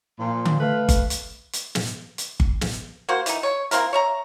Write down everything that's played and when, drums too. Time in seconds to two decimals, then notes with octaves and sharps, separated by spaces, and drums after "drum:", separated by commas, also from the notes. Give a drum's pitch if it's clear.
0.19 A#2 F3 C6
0.45 drum: tom D3
0.59 A3 B4 F5
0.89 drum: kick G1, hi-hat
1.10 drum: hi-hat
1.53 drum: hi-hat
1.75 drum: snare
2.18 drum: hi-hat
2.40 drum: kick G1
2.61 drum: snare
3.09 A#3 F#4 C5
3.26 E3 D#4, drum: hi-hat
3.43 C#5
3.71 A#3 C4 E4 A#4, drum: hi-hat
3.93 C#5 E5 A#5